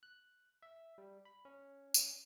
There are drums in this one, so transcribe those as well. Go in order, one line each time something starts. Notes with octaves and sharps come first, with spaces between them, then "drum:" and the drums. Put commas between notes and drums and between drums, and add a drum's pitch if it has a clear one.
F#6
E5
G3
B5
C#4
drum: tambourine